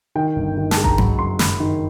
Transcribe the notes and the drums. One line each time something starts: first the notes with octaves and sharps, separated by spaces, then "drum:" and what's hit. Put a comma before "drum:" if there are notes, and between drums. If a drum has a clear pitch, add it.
D#3 G5
G1
D#3
A5, drum: snare
G#3
A#5, drum: kick G#1
F#3 B5, drum: tom G2
F#1 C6
F#2 B5, drum: snare
D#3